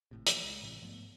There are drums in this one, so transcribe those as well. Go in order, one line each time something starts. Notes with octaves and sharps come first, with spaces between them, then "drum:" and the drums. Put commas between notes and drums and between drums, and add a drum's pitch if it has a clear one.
G#1 A2 C3
E3 F3 A#3, drum: hi-hat
C#2 G#3
A1 A2 C3 E3
G#2 F3 A3 B3